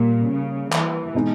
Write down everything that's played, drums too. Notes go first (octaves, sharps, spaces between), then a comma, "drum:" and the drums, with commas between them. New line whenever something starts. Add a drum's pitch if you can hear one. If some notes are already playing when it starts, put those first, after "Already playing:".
Already playing: A#2 G3 A#3
C#3
E3, drum: clap
B2 G#3 D#4